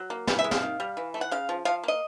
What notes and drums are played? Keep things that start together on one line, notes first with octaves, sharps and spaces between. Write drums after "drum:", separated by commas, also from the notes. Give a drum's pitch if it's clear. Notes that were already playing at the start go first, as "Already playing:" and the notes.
Already playing: F#3
A#3
E3 F5, drum: snare
E5
G#3
F5, drum: snare
D#3
G3
E3
A3
F#5
C#3 F5
F3
F3 F5
A#3 D#5